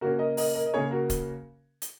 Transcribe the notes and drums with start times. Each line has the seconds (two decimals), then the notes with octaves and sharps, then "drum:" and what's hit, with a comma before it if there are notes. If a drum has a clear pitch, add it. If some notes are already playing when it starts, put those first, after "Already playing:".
0.01 C#3 A#3 C#4 F#4 A#4
0.19 A#4 D#5
0.37 A#4 D#5, drum: open hi-hat
0.55 A#4 D#5
0.66 D#5
0.74 C#3 A#3 C#4 G#4 C#5
0.91 F#4 A#4
1.10 drum: kick, hi-hat
1.82 drum: hi-hat